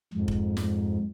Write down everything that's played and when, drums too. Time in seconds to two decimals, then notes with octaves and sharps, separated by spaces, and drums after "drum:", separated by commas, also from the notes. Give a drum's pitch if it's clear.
0.14 F2 G#2
0.28 drum: kick F1
0.57 drum: snare